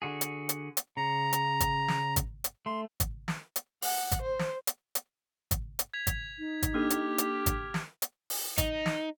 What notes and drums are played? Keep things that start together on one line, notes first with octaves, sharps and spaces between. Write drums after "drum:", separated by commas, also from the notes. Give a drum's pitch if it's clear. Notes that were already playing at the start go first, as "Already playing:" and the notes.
D3 F#4 G#4
drum: hi-hat
drum: hi-hat
drum: hi-hat
C#3 A#5
drum: hi-hat
drum: kick G#1, hi-hat
drum: snare
drum: kick G#1, hi-hat
drum: hi-hat
A3 C6
drum: kick G#1, hi-hat
drum: snare
drum: hi-hat
F#5, drum: open hi-hat
drum: kick G#1, hi-hat
C5
drum: snare
drum: hi-hat
drum: hi-hat
drum: kick G#1, hi-hat
drum: hi-hat
G#6 B6 F7
drum: kick G#1, hi-hat
D#4
drum: kick G#1, hi-hat
A#3 D4 G4 A4 F6
drum: hi-hat
drum: hi-hat
drum: kick G#1, hi-hat
drum: snare
drum: hi-hat
drum: open hi-hat
D#4, drum: kick G#1, hi-hat
drum: snare